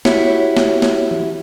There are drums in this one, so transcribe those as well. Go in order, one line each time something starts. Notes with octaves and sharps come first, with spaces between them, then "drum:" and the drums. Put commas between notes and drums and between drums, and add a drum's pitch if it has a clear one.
E4 F#4 G4 C#5, drum: snare
drum: snare
drum: snare
drum: tom E3